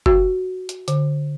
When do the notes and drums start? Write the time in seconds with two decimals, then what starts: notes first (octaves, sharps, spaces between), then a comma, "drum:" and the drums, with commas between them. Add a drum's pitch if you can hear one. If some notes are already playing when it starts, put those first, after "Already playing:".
0.06 F#4, drum: kick F#1
0.69 drum: hi-hat
0.88 D3, drum: hi-hat